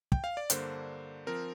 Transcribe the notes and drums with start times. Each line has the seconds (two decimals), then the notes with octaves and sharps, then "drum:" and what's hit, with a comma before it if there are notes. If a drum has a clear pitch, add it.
0.12 G5, drum: kick
0.24 F5
0.37 D5
0.50 G2 D3 A#3 D4 C5, drum: hi-hat
1.27 F3 C4 A#4